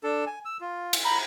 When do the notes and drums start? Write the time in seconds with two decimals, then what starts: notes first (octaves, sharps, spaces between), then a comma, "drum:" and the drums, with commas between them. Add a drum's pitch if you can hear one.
0.04 D4 A4
0.26 G#5
0.45 E6
0.61 F4
0.93 drum: cymbal
1.04 A#5 B5